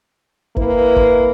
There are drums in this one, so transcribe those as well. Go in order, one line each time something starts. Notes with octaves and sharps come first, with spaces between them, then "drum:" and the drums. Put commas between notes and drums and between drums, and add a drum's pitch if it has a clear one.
A#3 C4 E4 B4, drum: kick G1
drum: kick G1